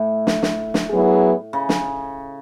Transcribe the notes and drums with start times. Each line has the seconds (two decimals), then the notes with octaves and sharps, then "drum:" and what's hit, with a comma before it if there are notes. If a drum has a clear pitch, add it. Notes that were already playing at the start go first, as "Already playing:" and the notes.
Already playing: A2
0.27 drum: snare
0.43 drum: snare
0.74 drum: snare
0.90 F#3 B3 E4 G#4
1.53 C#3
1.69 drum: snare